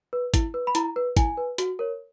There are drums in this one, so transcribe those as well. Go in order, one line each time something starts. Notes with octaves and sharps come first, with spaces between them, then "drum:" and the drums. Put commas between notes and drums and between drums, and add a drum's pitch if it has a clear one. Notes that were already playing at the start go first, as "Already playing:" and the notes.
B4
E4, drum: kick, hi-hat
B4
B5
E4 A#5, drum: hi-hat
B4
E4 G#5, drum: kick, hi-hat
B4
F#4, drum: hi-hat
A#4 C#5